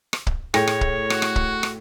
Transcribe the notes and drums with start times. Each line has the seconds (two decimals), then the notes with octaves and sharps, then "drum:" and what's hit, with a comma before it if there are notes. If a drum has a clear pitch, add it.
0.13 drum: rim click
0.27 drum: kick
0.54 A2 G#4 C#5 G5 A#6, drum: rim click
0.67 drum: rim click
0.81 drum: kick
1.10 F#4, drum: rim click
1.22 drum: rim click
1.36 drum: kick
1.63 drum: rim click